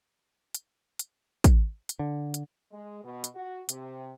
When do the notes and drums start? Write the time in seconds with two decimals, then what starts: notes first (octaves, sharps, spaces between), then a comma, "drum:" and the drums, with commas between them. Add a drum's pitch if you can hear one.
0.55 drum: hi-hat
0.99 drum: hi-hat
1.44 drum: kick, hi-hat
1.89 drum: hi-hat
1.99 D3
2.34 drum: hi-hat
2.72 G#3
3.03 B2
3.24 drum: hi-hat
3.35 F#4
3.69 C3, drum: hi-hat